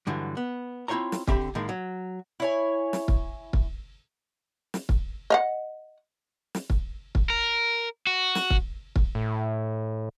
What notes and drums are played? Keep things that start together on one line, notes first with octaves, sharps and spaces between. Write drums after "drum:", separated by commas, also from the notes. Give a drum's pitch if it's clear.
G2 D3 E3 F#3
B3
C4 E4 F4 C5 C#5 A#5
drum: snare
D3 C4 G4 E5 A5 B5, drum: kick
A2 D#3 G#3 A#3
F#3
E4 C#5 G#5
drum: snare
drum: kick
drum: kick
drum: snare
drum: kick
D#5 F5 F#5
drum: snare
drum: kick
drum: kick
A#4
F#4
drum: snare
drum: kick
drum: kick
A2